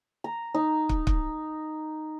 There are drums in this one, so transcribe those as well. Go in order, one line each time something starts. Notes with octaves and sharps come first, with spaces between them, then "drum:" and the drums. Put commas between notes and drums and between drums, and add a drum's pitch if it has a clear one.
A#5
D#4
drum: kick
drum: kick